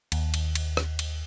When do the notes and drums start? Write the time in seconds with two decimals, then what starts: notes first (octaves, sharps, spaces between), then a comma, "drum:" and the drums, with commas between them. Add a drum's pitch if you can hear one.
0.12 D#2, drum: cymbal
0.34 drum: cymbal
0.55 drum: cymbal
0.77 drum: rim click
0.99 drum: cymbal